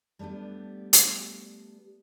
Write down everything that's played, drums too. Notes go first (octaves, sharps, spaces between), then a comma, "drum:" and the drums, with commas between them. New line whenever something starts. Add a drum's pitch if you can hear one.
G3 A3 B3 D4 G4
drum: hi-hat